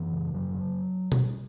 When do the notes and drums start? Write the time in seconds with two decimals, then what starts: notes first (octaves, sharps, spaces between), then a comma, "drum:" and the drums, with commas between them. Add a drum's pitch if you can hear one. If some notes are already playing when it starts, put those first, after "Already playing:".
Already playing: F#2 E3
0.13 C#3
0.34 F#2 F#3
0.55 C#3
1.12 drum: tom B2